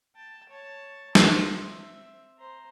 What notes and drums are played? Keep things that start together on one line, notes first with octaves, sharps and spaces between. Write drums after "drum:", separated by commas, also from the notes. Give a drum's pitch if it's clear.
G5 A5
C#5 A5
C5 D6, drum: snare
C4 E5
C5 A#5